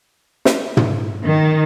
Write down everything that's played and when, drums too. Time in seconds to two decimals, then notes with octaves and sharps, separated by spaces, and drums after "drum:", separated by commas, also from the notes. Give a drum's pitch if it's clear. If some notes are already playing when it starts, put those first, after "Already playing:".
0.45 drum: snare
0.77 drum: tom
1.24 D#3